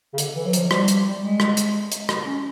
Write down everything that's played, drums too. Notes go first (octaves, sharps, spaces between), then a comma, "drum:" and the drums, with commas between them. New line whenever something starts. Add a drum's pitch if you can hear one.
C#3
D3, drum: hi-hat
E3
F#3
F3, drum: hi-hat
G3, drum: rim click
drum: hi-hat
G#3
drum: rim click
drum: hi-hat
drum: hi-hat
drum: rim click
C#4